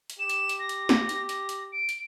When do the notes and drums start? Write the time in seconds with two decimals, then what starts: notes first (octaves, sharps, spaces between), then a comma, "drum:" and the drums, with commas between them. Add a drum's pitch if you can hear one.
0.10 drum: hi-hat
0.19 G4 E7
0.29 drum: hi-hat
0.49 drum: hi-hat
0.59 A#6
0.69 drum: hi-hat
0.89 drum: snare
1.09 drum: hi-hat
1.29 A#6, drum: hi-hat
1.49 drum: hi-hat
1.72 D7
1.89 drum: hi-hat